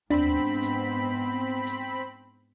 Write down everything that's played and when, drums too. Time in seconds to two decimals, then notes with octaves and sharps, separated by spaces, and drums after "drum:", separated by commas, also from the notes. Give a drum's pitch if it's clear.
0.10 G#2 B3 C4 D4 B5 B6, drum: tom D#2
0.62 drum: hi-hat
1.66 drum: hi-hat